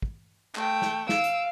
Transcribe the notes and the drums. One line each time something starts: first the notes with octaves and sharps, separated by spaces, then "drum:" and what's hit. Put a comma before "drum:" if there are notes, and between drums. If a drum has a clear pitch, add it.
drum: kick
A3 G5, drum: clap
drum: snare
F5 E6 D7, drum: snare
drum: hi-hat